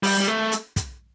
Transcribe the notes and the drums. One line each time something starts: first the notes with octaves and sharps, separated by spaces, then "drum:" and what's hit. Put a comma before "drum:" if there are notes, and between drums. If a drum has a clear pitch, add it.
G3, drum: open hi-hat
G3
A3
drum: hi-hat
drum: kick, hi-hat